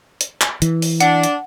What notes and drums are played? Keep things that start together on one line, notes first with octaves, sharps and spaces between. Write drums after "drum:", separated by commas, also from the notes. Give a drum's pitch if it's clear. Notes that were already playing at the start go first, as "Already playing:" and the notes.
drum: hi-hat
drum: clap
E3, drum: hi-hat
drum: open hi-hat
D4 F#5, drum: hi-hat
drum: hi-hat